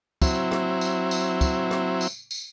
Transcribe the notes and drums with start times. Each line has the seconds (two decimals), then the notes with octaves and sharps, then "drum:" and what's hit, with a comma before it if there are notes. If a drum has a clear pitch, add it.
0.22 F#3 C4 E4, drum: kick, tambourine
0.51 drum: rim click
0.81 drum: tambourine
1.11 drum: tambourine
1.41 drum: kick, tambourine
1.71 drum: rim click
2.01 drum: tambourine
2.31 drum: tambourine